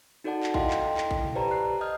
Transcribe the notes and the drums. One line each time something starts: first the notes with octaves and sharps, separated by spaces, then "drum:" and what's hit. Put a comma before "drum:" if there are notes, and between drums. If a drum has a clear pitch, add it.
D#4 F#4 A4 D5 F#5 A5
drum: clap
E4 A4 D#5 F5 G5 C6, drum: kick A#1
drum: clap
drum: clap
drum: kick A#1
drum: tom A#2
G4 B4 C5 D5 A5 A#5
F#6 C7
D#5 D#6 F6 G6